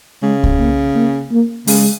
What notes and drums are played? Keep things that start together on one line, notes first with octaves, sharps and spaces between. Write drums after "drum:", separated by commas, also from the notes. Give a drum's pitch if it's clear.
C#3 G#3
drum: kick C2
A#3
A#3
A#3
C#3 G#3, drum: open hi-hat